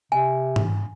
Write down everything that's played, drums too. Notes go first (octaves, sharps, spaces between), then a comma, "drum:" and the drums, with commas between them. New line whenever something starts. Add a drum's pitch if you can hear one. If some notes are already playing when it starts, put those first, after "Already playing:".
C3 G#5
drum: tom